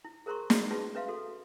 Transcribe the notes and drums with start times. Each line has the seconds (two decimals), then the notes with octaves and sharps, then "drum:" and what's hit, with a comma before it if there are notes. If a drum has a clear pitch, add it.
0.05 E4
0.26 G#4 A#4 C5 A#5 C6 C#6
0.50 F#4 G#4 C5 D5 E5, drum: snare
0.70 C#4 F4 G#4 B4 A5 C6
0.95 C#4 B4 E5 F5 C6
1.08 F#4 A4 C6